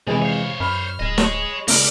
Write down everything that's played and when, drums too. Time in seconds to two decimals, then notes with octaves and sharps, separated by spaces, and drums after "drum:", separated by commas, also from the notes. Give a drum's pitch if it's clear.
0.07 F2 C3 E3 F3 G#3 E4 G#5
0.22 C5 C#5 F5
0.60 F#2 B5 F6
1.00 D1 G#4 D#5
1.18 C#5, drum: snare
1.68 C#2 A#3 A#4 D5 F6, drum: open hi-hat